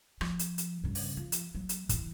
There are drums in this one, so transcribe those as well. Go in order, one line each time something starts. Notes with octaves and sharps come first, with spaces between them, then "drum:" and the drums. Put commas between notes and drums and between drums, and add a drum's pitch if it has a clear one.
F3, drum: rim click
drum: hi-hat
drum: hi-hat
G2 C#3
drum: open hi-hat
F3
drum: hi-hat
F#3
drum: hi-hat
E3, drum: kick, hi-hat